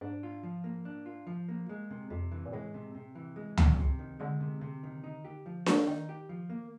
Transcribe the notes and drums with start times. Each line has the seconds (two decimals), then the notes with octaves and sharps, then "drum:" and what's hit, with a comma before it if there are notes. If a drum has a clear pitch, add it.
0.01 G#2 D4
0.23 F4
0.43 F3
0.64 A#3
0.85 D4
1.06 F4
1.27 F3
1.48 A#3
1.69 G#3
1.91 C3
2.10 F2 C3
2.32 E3
2.46 A#2
2.52 A2 G#3
2.74 C3
2.95 C3
3.15 E3
3.36 G#3
3.57 C3, drum: tom C#2
3.78 C3
3.99 D#3
4.19 D3 G#3
4.40 C3
4.61 C3
4.83 D#3
5.04 D#4
5.25 G4
5.46 F3
5.66 A#3, drum: snare D4
5.87 D#3 D#4
6.09 G4
6.29 F3
6.50 A#3